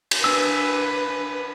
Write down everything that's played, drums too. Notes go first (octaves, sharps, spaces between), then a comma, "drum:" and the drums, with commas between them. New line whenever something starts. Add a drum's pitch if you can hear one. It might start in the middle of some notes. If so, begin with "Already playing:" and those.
drum: cymbal
D4 B4 G#5 E6